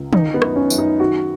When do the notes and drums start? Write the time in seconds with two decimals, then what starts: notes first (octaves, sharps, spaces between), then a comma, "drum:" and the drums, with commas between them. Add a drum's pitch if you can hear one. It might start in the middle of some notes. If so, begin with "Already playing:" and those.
Already playing: C#2
0.13 D#3 D#4, drum: tom
0.34 B3
0.42 F#2, drum: rim click
0.56 C#4
0.70 F#2, drum: tambourine
0.78 D#4
1.00 D#3 F#4